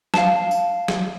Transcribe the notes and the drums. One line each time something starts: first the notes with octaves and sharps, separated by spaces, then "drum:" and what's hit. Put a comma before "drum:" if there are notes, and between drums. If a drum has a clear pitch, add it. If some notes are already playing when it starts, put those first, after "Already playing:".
F5 A5, drum: snare
drum: tambourine
drum: snare